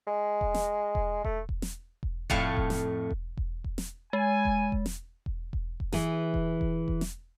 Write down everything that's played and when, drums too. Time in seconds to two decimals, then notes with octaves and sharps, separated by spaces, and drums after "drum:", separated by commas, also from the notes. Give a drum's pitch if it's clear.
0.07 G#3
0.41 drum: kick E1
0.54 drum: snare
0.95 drum: kick E1
1.24 A3, drum: kick E1
1.49 drum: kick E1
1.62 drum: snare
2.03 drum: kick E1
2.30 F2 A2 A3 F5 A5, drum: kick E1
2.57 drum: kick E1
2.70 drum: snare
3.10 drum: kick E1
3.37 drum: kick E1
3.64 drum: kick E1
3.78 drum: snare
4.13 G#3 G#5
4.45 drum: kick E1
4.72 drum: kick E1
4.86 drum: snare
5.26 drum: kick E1
5.53 drum: kick E1
5.80 drum: kick E1
5.92 E3 G#4, drum: snare
6.34 drum: kick E1
6.61 drum: kick E1
6.88 drum: kick E1
7.01 drum: snare